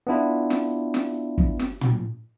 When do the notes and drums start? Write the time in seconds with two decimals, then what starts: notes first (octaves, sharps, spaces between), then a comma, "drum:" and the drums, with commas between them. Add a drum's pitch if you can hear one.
0.07 B3 D4 E4 F4
0.50 drum: snare
0.94 drum: snare
1.38 drum: kick
1.59 drum: snare
1.81 drum: tom